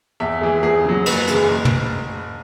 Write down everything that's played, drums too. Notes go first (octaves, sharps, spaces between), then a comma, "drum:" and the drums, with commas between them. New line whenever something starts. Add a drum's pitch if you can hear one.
E2 E5
E3 G#3
E2 G#4
C#3 F#3
F#1 B4, drum: cymbal
F#2 C#3 E3 G#3, drum: hi-hat
F#1
drum: tom